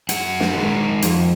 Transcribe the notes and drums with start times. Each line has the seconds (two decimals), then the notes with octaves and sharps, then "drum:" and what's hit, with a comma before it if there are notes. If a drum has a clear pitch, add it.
0.09 F#2 F#5, drum: hi-hat
0.40 drum: snare
0.55 D#3 G#3
1.02 F2, drum: hi-hat